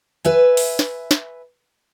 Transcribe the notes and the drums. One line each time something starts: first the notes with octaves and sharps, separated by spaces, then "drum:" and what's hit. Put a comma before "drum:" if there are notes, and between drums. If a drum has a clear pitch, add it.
B4 E5 G#5
drum: open hi-hat
drum: snare
drum: snare